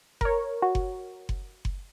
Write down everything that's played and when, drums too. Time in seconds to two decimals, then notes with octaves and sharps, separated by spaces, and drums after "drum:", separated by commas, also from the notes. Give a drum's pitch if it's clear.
0.21 A#4 C#5, drum: kick F#1
0.62 F#4
0.75 drum: kick F#1
1.29 drum: kick F#1
1.65 drum: kick F#1